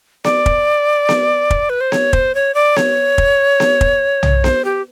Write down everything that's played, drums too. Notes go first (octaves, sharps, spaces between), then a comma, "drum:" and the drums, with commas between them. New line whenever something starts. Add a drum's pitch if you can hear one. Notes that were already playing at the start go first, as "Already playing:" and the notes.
D5, drum: snare B3
drum: kick
drum: snare B3
drum: kick
B4
C5
C#5, drum: snare B3
C5, drum: kick
C#5
D5
C#5, drum: snare B3
drum: kick
drum: snare B3
drum: kick
drum: tom
C5, drum: snare B3
G4